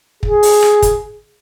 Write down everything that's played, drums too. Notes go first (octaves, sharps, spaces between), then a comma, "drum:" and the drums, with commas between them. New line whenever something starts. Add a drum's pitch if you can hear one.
G#4, drum: kick
drum: open hi-hat
drum: rim click
drum: kick, hi-hat